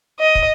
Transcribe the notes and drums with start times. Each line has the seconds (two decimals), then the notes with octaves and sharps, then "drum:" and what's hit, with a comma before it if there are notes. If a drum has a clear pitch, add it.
0.20 D#5
0.35 drum: kick